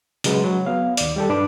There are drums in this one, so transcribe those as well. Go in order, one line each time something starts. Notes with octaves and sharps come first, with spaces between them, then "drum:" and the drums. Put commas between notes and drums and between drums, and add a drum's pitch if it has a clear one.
C#3 F#3 G#3 B4, drum: hi-hat
F#3
B3 F5
D#2 D5, drum: hi-hat
G3 G4 A4
G2 D4 B4 D6